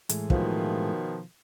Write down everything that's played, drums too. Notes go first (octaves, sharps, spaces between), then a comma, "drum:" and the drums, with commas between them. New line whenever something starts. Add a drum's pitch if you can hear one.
A2 E3 G#3, drum: hi-hat
B2 D#3 F3, drum: kick